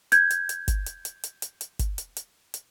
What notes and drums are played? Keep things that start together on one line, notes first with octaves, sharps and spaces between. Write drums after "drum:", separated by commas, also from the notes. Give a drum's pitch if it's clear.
G6 G#6, drum: hi-hat
drum: hi-hat
drum: hi-hat
drum: kick G1, hi-hat
drum: hi-hat
drum: hi-hat
drum: hi-hat
drum: hi-hat
drum: hi-hat
drum: kick G1, hi-hat
drum: hi-hat
drum: hi-hat
drum: hi-hat